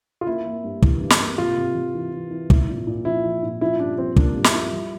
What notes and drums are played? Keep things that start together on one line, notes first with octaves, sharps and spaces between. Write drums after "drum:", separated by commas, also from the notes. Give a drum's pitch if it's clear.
F4
A#3 E4
A#3
G2
E3, drum: kick
G2
drum: snare
A#3
C3 F4
C3
C3
E3
E3
E3
E4, drum: kick
A#2
A#2
F3 E4
F3
A#2
F3 E4
G2 D4
F3 C4
A#3 D4, drum: kick
G2
E4, drum: snare
F3
G3